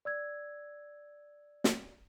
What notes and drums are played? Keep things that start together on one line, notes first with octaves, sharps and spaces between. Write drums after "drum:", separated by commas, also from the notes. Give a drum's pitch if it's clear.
D5 E6 G#6
drum: snare